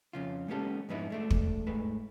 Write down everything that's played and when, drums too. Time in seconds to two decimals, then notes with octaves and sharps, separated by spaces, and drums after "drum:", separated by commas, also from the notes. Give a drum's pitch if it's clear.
0.13 F2 C#3 F4
0.48 G#3 A#3 B3 C#4 G4 A4
0.89 F2 G#2 B3 D#4 E4
1.10 G#3 A3 D4
1.30 drum: kick
1.67 G#2 A3 B4